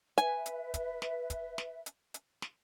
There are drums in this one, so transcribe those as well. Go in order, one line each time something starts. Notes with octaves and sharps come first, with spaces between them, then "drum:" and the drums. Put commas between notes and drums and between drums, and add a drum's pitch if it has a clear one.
B4 E5 G#5, drum: hi-hat
drum: hi-hat
drum: kick, hi-hat
drum: snare
drum: kick, hi-hat
drum: snare
drum: hi-hat
drum: hi-hat
drum: snare